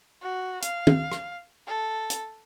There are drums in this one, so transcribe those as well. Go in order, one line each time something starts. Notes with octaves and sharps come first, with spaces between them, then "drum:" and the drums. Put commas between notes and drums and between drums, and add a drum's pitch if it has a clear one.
F#4
F5, drum: hi-hat
drum: tom
drum: rim click
A4
drum: hi-hat